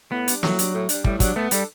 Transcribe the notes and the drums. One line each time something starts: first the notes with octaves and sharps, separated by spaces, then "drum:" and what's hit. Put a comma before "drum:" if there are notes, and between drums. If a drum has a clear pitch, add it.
A2 B3
G3 D4, drum: hi-hat
A2 F#3, drum: snare
G3 D4, drum: hi-hat
A2
G3 D4, drum: hi-hat
A2 G3, drum: kick
F#3 G3 D4, drum: kick, hi-hat
A3 B3
G3 D4 A4, drum: hi-hat